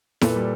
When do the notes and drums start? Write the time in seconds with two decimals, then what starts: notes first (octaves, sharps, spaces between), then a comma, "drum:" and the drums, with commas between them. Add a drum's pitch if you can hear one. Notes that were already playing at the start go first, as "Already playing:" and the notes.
0.21 A#2 A4 B4, drum: snare E4
0.35 G3